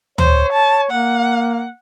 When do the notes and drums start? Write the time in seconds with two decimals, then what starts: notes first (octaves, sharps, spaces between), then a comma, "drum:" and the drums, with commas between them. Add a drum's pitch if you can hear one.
0.18 C5 C#5, drum: tom
0.52 A5
0.91 A#3 F#5